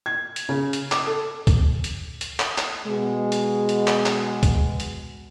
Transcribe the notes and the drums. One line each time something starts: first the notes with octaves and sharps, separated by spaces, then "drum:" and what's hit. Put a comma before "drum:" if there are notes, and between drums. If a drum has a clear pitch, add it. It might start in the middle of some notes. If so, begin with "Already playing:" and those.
G#6
drum: hi-hat
C#3
drum: hi-hat
D6, drum: clap
A4
drum: kick, hi-hat
drum: hi-hat
drum: hi-hat
drum: clap
drum: clap
B2 G#3
drum: hi-hat
drum: hi-hat
drum: clap
drum: clap
drum: kick, hi-hat
drum: hi-hat